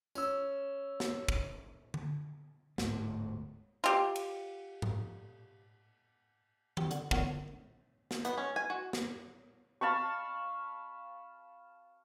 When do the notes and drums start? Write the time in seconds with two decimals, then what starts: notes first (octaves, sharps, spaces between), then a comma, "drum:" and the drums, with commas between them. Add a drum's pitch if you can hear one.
0.15 C#4 E6, drum: tambourine
1.00 drum: snare
1.29 drum: kick
1.94 drum: tom D3
2.78 D1 G#2 A3, drum: snare
3.84 F4 G4
4.16 drum: cymbal
4.82 drum: tom G#2
6.77 G4, drum: tom D#3
6.91 D3, drum: hi-hat
7.11 E2 D3 F3 A#3 C#5, drum: kick
8.11 drum: snare
8.25 B3, drum: hi-hat
8.38 C#4
8.56 G#5
8.70 F#4
8.93 drum: snare
9.81 F5 A5 B5 C#6